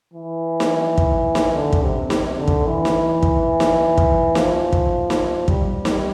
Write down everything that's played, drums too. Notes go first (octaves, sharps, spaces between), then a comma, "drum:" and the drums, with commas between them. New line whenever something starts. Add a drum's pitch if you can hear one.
E3
drum: snare
drum: kick
drum: snare
D3
drum: kick
C3
C3, drum: snare
D3
drum: kick
E3
drum: snare
drum: kick
drum: snare
drum: kick
F3, drum: snare
drum: kick
drum: snare
G3, drum: kick
drum: snare